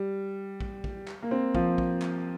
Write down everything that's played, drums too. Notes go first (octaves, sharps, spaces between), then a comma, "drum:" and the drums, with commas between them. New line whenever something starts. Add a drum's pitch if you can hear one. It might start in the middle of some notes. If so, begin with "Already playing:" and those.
Already playing: G3
drum: kick A#1
drum: kick A#1
drum: clap
A#3
C4
F3, drum: kick A#1
drum: kick A#1
drum: clap